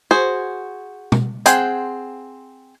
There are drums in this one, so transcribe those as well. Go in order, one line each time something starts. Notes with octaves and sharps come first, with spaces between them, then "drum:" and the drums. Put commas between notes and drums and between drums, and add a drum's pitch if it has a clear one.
F#4 G#4 C5
drum: tom
C4 G#4 C5 F#5 G5, drum: hi-hat